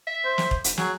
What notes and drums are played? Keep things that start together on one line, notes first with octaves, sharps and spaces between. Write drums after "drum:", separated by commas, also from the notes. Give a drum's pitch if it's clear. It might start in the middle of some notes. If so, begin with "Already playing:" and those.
E5
C5
drum: snare
drum: kick
drum: hi-hat
F#3 G#4, drum: snare